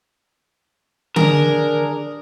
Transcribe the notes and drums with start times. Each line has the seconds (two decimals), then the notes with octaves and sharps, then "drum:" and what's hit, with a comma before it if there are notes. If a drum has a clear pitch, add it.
1.16 D4 G#4 A#4, drum: tom D3